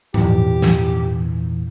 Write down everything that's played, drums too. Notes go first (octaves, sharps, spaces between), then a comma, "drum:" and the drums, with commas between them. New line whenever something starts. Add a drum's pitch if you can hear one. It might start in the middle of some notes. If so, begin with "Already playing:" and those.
E2 A#2 E3 G4, drum: tom
drum: snare